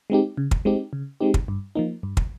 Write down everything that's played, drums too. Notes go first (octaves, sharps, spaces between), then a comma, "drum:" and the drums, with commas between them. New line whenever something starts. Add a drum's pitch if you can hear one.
G#3 C4 D#4 G4
C#3
drum: kick
G#3 C4 D#4 G4
C#3
G#3 C4 D#4 G4
drum: kick
G2
F3 A#3 D#4
G2
drum: kick